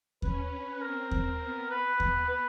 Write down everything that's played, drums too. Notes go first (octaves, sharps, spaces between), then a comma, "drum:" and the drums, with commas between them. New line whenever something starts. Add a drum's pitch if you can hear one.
C#4 B4, drum: kick D#2
B4
C4 A#4
drum: kick D#2
B3
B4
drum: kick D#2
B4